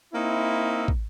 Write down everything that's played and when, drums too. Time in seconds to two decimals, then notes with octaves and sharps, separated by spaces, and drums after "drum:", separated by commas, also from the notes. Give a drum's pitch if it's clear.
0.13 A#3 C4 D#4 E4
0.88 drum: kick